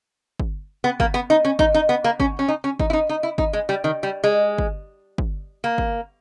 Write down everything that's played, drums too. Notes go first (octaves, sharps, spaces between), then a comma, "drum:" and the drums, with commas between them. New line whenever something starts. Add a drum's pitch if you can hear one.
drum: kick
B3
A#3, drum: kick
B3
D#4
C#4
D#4, drum: kick
D#4
B3
A#3
C#4, drum: kick
C#4
D#4
C#4
D#4, drum: kick
E4
D#4
D#4
E4
D#4, drum: kick
G#3
G3
D#3
G3
G#3
drum: kick
drum: kick
A#3
drum: kick